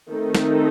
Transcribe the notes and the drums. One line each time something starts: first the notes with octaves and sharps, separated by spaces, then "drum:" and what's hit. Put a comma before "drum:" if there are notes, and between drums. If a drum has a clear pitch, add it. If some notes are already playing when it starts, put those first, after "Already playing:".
D#3 A3 C4 D#4 A4
drum: snare